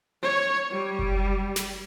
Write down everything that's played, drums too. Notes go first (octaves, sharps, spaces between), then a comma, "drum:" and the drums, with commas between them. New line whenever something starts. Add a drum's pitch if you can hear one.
C#5
G3
drum: kick F#1
drum: snare